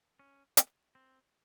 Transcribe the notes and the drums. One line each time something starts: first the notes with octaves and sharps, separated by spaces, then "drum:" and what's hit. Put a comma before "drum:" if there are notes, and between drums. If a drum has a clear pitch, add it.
C#4
drum: hi-hat
C4